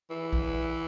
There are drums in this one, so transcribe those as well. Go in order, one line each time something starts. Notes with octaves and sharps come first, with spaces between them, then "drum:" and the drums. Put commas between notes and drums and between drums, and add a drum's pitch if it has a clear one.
E3
drum: kick A#1